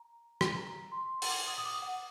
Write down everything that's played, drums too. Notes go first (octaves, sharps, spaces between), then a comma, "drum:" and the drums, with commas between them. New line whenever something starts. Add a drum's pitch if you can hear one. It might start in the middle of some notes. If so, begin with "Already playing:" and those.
Already playing: A#5
drum: rim click
A#5
C6
C6, drum: open hi-hat
D6
D#6
D#6
D6
F#5